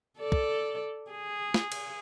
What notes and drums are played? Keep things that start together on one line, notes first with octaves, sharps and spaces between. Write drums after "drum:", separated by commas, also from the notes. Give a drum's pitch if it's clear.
A4 D5
drum: kick
G#4
drum: snare
drum: cymbal